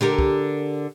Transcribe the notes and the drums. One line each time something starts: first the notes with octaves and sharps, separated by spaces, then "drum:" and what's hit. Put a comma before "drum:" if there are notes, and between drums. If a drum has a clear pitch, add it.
D3 G4 A#4
drum: kick